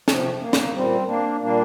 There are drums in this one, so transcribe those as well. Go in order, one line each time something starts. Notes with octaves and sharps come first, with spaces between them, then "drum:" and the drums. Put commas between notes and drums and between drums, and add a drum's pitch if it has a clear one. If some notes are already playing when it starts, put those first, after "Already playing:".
C3 F3, drum: snare
A#3
drum: snare
A#2 G3 C4
A#3 D4
A#2 G3 A#3 D4